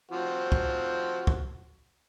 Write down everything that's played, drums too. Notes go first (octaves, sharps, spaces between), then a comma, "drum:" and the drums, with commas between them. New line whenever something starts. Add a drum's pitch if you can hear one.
F3 C4 F#4
drum: kick
drum: kick